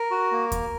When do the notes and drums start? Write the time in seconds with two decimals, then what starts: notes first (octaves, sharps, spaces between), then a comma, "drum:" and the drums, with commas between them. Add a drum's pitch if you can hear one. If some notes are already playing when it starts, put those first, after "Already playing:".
Already playing: A#4
0.11 F#4
0.32 A#3
0.52 drum: kick D#2, hi-hat